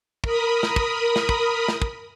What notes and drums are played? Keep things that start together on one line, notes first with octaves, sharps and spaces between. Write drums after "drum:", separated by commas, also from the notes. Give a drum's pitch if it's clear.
A#4 B5 D#6, drum: kick
drum: snare
drum: kick
drum: snare
drum: kick
drum: snare
drum: kick